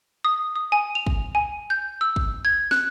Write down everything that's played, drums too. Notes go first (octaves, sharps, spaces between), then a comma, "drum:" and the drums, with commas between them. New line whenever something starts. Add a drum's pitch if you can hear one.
D#6
D#6
G#5
F7
drum: kick
G#5
G6
E6
drum: kick
G#6
F#6, drum: snare